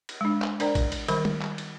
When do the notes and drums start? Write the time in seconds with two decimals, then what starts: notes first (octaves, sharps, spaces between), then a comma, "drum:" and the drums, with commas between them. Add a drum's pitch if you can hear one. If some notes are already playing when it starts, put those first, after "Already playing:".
0.09 drum: cymbal
0.21 G#3 D4
0.42 drum: clap
0.60 D4 A#4 C5 D5 G5 A#5, drum: cymbal
0.75 drum: kick A1, cymbal
0.92 drum: cymbal
1.08 D#3 G3 A#4 C5 B5, drum: cymbal
1.25 drum: tom
1.42 drum: clap
1.58 drum: cymbal